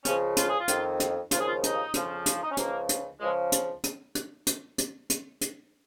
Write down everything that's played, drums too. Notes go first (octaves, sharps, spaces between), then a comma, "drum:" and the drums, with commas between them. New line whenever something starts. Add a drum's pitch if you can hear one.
C#2 C#3 F3 C#4, drum: hi-hat
F4, drum: hi-hat
G#4
F4
F2 D#3, drum: hi-hat
drum: hi-hat
D#2 C#3 F3 F4, drum: hi-hat
G#4
F4
D#4, drum: hi-hat
F2 C#3 F3, drum: hi-hat
drum: hi-hat
D#4
C#4
C#2 C#3 F3 A#3, drum: hi-hat
drum: hi-hat
C#2 C#3 F3 G#3
drum: hi-hat
drum: hi-hat
drum: hi-hat
drum: hi-hat
drum: hi-hat
drum: hi-hat
drum: hi-hat